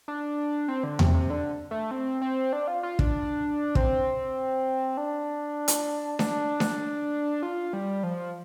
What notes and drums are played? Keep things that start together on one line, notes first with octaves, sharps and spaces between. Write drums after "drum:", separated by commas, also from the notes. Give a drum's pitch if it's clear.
D4
C4
D3
C3, drum: tom E2
C3
D3
A3
C4
C4
D4
F4
F4
D4, drum: kick
C4, drum: kick
D4
drum: hi-hat
D4, drum: snare D4
drum: snare D4
F4
G3
F3